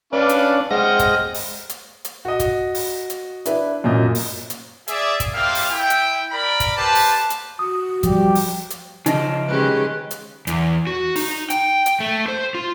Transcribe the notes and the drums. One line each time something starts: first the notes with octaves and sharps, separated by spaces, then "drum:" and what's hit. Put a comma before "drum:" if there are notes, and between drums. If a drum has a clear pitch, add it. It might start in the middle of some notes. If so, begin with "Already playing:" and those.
C#4 D4 B4 D5 F5
drum: hi-hat
G#3 C4 D#5 F#5 F6 A#6
drum: kick, hi-hat
drum: open hi-hat
drum: hi-hat
drum: hi-hat
F#4 D#5
drum: kick, hi-hat
drum: open hi-hat
drum: hi-hat
D4 E4 B4, drum: hi-hat
F#2 A#2 D#5
drum: open hi-hat
drum: hi-hat
G#4 D5 E5, drum: hi-hat
drum: kick, hi-hat
G3 A#3 C4 F4 E5 F5
drum: open hi-hat
E4 G5
drum: hi-hat
A#4 D5 B5
drum: kick, hi-hat
G4 B4 C5 A5
drum: open hi-hat
drum: hi-hat
F#4 D#6
F3 G3 G4, drum: kick, hi-hat
drum: open hi-hat
drum: hi-hat
C#3 F3 D#4 D#5, drum: hi-hat
D#3 G#3 C#4 G4 B4
drum: hi-hat
E2, drum: hi-hat
F#4
D#4, drum: open hi-hat
G5, drum: hi-hat
drum: hi-hat
A3
C5
F4